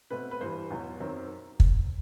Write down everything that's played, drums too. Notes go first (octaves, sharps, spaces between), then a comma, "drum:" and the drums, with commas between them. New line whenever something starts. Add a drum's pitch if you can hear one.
B2 A3 C4 B4
B4
G2 E3 G3 C5
E2 B2 F#3
F#2 D#3 F#3 C4
drum: kick